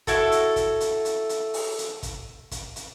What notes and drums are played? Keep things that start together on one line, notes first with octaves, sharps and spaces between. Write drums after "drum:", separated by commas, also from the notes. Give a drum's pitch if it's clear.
E4 F#4 A4, drum: kick, hi-hat
drum: hi-hat
drum: kick, hi-hat
drum: hi-hat
drum: hi-hat
drum: hi-hat
drum: open hi-hat
drum: hi-hat
drum: kick, hi-hat
drum: kick, hi-hat
drum: hi-hat